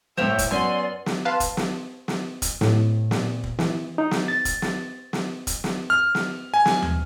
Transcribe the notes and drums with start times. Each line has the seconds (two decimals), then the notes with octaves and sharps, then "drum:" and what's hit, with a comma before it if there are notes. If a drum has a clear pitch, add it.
0.18 C2 A2 C5 C#5 E5 G5
0.39 drum: kick, hi-hat
0.51 F#2 B3 D5 G#5 C6
1.06 drum: snare
1.25 B4 F5 A5 C6
1.40 drum: kick, hi-hat
1.57 drum: snare
2.08 drum: snare
2.42 drum: kick, hi-hat
2.61 A2, drum: snare
3.11 A#2, drum: snare
3.44 drum: kick
3.59 E3, drum: snare
3.98 D#4
4.11 drum: snare
4.28 A6
4.45 drum: kick, hi-hat
4.62 drum: snare
5.13 drum: snare
5.47 drum: kick, hi-hat
5.64 drum: snare
5.90 F6
6.15 drum: snare
6.54 G#5
6.65 drum: snare
6.82 drum: tom